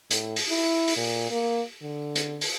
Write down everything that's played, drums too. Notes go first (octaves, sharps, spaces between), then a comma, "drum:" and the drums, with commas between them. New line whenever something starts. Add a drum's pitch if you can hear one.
A2, drum: hi-hat
drum: open hi-hat
E4
drum: open hi-hat
A#2
A#3
D3
drum: hi-hat
drum: open hi-hat